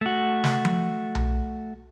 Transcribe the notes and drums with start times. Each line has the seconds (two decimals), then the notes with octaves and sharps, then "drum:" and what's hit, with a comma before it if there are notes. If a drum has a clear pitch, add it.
0.01 A3 F#4
0.44 drum: snare
0.65 drum: tom F3
1.15 drum: tom B1